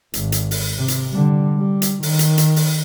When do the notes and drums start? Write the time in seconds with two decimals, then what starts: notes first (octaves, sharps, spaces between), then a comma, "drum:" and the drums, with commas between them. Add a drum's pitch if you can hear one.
0.14 G#1, drum: hi-hat
0.32 drum: hi-hat
0.51 drum: open hi-hat
0.78 C3
0.88 drum: hi-hat
1.12 D3 G3
1.58 G3
1.82 drum: hi-hat
2.03 D#3, drum: open hi-hat
2.19 drum: hi-hat
2.38 drum: hi-hat
2.56 drum: open hi-hat